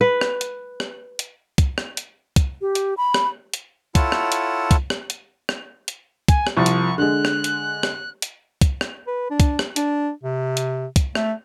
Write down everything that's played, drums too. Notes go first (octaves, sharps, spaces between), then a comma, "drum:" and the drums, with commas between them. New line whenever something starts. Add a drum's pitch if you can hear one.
B4
drum: rim click
drum: hi-hat
drum: rim click
drum: hi-hat
drum: kick, hi-hat
drum: rim click
drum: hi-hat
drum: kick, hi-hat
G4
drum: hi-hat
B5
drum: rim click
drum: hi-hat
E4 F4 A4 C#5 F#5 A5, drum: kick, hi-hat
drum: rim click
drum: hi-hat
drum: kick, hi-hat
drum: rim click
drum: hi-hat
drum: rim click
drum: hi-hat
G#5, drum: kick, hi-hat
drum: rim click
C2 F3 C#6
drum: hi-hat
D3 G#3 F#6
drum: rim click
drum: hi-hat
drum: rim click
drum: hi-hat
drum: kick, hi-hat
drum: rim click
B4
D4
drum: kick, hi-hat
drum: rim click
D4, drum: hi-hat
C3
drum: hi-hat
drum: kick, hi-hat
A3, drum: rim click